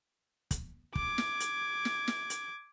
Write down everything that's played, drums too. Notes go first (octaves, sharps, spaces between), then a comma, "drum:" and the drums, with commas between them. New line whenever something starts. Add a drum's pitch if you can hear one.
drum: kick, hi-hat
D6 G#6, drum: kick
drum: snare
drum: hi-hat
drum: snare
drum: snare
drum: hi-hat